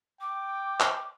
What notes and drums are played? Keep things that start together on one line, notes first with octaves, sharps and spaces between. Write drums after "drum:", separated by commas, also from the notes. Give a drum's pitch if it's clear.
G5 D6
drum: clap